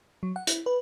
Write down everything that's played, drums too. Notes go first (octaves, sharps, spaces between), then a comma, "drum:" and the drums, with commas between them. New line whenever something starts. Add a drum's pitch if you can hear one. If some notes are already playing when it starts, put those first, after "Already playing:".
F#3
F#5
E4, drum: hi-hat
B4